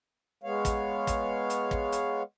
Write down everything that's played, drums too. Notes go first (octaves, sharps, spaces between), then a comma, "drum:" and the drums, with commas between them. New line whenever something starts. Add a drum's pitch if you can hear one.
G#3 B3 C#5 F5
drum: kick, hi-hat
drum: kick, hi-hat
drum: hi-hat
drum: kick
drum: hi-hat